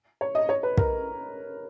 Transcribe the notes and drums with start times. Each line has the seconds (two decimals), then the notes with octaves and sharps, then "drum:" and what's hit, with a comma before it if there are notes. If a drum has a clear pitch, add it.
0.21 C#5
0.35 D#5
0.49 C#5
0.63 B4
0.77 A#4, drum: kick